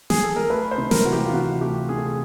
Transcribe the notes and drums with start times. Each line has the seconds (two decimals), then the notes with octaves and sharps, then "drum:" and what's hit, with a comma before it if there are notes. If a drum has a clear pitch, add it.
0.10 G#4, drum: snare
0.23 A4
0.36 A#4
0.50 A3 B4
0.71 C5
0.78 C3
0.91 A#4, drum: snare
1.05 E3 F#4
1.13 G4
1.26 F4
1.33 C3 F#4
1.61 A3 G4
1.89 C3 G#4
1.98 A4
2.06 G#4